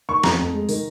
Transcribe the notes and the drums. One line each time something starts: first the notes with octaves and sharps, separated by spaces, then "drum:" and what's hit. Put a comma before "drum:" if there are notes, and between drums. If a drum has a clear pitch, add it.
D#3 C#6
F2 A#5, drum: snare
F2
G#3
D#3, drum: open hi-hat